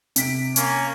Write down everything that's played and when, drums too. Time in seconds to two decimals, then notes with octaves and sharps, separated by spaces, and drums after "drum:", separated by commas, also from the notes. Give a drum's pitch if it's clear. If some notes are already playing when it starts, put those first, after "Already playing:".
0.16 C3 B6 D7, drum: hi-hat
0.56 A#3 C#4, drum: hi-hat